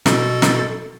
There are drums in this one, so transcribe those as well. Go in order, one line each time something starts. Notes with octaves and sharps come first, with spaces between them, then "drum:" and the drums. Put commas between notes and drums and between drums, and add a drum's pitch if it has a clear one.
B2 A4 A6, drum: snare
drum: snare